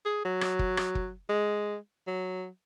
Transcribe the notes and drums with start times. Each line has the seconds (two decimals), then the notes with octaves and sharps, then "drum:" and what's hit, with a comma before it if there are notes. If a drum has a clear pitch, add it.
0.05 G#4
0.25 F#3
0.41 drum: rim click
0.59 drum: kick
0.77 drum: rim click
0.95 drum: kick
1.29 G#3
2.07 F#3